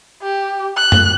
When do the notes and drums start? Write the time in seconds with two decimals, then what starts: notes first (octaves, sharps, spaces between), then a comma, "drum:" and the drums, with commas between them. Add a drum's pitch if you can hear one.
0.23 G4
0.77 F#6
0.92 drum: tom F#2